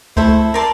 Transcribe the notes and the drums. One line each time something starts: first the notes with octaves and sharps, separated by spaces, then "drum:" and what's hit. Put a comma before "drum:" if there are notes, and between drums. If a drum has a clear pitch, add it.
A3 E4 A4 C5, drum: kick C#2
A#4 D5 A5 C6